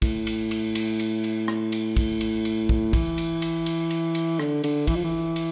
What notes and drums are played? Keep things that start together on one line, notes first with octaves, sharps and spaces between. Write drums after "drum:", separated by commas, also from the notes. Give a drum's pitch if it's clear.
A2, drum: kick A#1, cymbal
drum: cymbal
drum: cymbal
drum: cymbal
drum: cymbal
drum: cymbal
drum: rim click
drum: cymbal
drum: kick A#1, cymbal
drum: cymbal
drum: cymbal
drum: kick A#1
E3, drum: kick A#1, cymbal
drum: cymbal
drum: cymbal
drum: cymbal
drum: cymbal
drum: cymbal
D3, drum: rim click
D3, drum: cymbal
E3, drum: kick A#1, cymbal
F3
E3
drum: cymbal